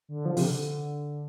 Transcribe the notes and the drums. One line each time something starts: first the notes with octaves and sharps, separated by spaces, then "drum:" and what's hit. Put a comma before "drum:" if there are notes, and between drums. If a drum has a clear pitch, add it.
D3
F3
C3, drum: open hi-hat
D3